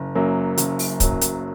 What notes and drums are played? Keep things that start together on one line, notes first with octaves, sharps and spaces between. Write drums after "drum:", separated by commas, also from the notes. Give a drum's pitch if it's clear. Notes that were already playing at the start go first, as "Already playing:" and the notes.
Already playing: F#1 A#4
F#2 F#3 A#3
F#1, drum: hi-hat
drum: open hi-hat
F#2 F#3 A#3, drum: kick, hi-hat
drum: hi-hat